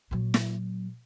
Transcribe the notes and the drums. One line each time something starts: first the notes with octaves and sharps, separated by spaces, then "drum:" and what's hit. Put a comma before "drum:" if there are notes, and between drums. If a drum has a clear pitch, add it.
A#2 F#3
drum: snare